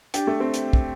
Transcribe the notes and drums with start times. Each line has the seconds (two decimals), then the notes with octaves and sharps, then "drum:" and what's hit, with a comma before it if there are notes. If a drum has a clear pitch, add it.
0.14 D4 G4, drum: hi-hat
0.27 A3
0.40 C4
0.54 drum: hi-hat
0.73 drum: kick